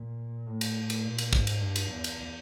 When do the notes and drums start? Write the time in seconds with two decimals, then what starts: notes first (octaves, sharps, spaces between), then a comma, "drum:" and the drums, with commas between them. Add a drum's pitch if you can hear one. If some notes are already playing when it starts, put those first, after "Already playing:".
Already playing: A#2
0.47 A2
0.61 drum: cymbal
0.90 drum: cymbal
1.04 A#2
1.18 drum: cymbal
1.33 G#2, drum: kick
1.47 drum: cymbal
1.61 G2
1.76 drum: cymbal
1.90 E2
2.04 drum: cymbal